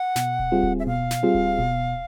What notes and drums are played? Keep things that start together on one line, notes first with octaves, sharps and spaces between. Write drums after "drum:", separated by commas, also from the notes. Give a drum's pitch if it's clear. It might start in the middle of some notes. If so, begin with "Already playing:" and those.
Already playing: F#5
B2, drum: snare
drum: kick D1
G3 C4 F4 G#4
drum: kick D1
E5
B2 F5
drum: snare
G3 C4 F4 G#4
drum: kick D1
B2, drum: kick D1